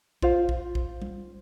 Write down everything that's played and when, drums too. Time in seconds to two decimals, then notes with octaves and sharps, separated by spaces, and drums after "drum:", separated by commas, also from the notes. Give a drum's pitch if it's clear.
0.22 F4 C5 F5, drum: kick A#1
0.49 drum: kick A#1
0.75 drum: kick A#1
1.02 drum: tom G3